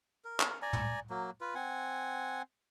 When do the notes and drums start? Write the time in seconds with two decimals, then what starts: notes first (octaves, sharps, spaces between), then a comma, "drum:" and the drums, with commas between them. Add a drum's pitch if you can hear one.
0.25 A#4
0.40 drum: clap
0.62 D5 G#5 A#5
0.73 drum: tom
1.10 F#3 A#3
1.41 F4 B4
1.55 C4 F#5 G#5